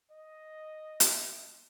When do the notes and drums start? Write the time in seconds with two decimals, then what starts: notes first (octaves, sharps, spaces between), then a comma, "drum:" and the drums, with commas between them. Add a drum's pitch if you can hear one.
0.11 D#5
1.00 drum: hi-hat